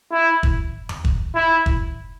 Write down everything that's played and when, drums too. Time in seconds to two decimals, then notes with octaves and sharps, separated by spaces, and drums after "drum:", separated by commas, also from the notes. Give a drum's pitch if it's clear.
0.12 E4
0.43 drum: kick
0.89 drum: tom E2
1.05 drum: kick
1.35 E4
1.66 drum: kick